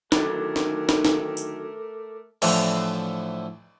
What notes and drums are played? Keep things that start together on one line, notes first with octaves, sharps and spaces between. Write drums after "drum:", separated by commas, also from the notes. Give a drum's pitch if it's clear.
D3 D#3 F#3 A3 A4 A#4 D6, drum: snare
drum: snare
drum: snare
drum: snare
drum: tambourine
A2 D3 E3 F3, drum: cymbal